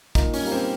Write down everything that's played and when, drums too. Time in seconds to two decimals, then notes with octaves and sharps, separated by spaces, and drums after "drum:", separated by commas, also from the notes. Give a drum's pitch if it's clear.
0.15 A#2 D#4, drum: kick, hi-hat
0.34 C#4, drum: open hi-hat
0.42 G3 A#3
0.52 C4